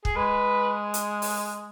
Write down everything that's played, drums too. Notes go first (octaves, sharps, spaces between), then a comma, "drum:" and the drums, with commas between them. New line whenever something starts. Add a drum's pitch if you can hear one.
G#4, drum: kick
G#3 B4
drum: hi-hat
drum: open hi-hat